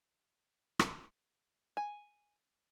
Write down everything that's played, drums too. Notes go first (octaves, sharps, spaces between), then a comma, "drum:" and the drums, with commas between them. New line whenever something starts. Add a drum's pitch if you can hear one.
drum: rim click
G#5